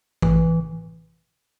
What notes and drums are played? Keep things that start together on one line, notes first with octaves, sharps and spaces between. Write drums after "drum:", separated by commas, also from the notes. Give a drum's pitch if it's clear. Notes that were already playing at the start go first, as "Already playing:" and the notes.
E3, drum: kick A1